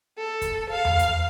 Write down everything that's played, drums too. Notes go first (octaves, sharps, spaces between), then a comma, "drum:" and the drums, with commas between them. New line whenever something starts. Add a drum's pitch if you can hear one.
A4
drum: kick, hi-hat
F5
drum: tom E2
drum: hi-hat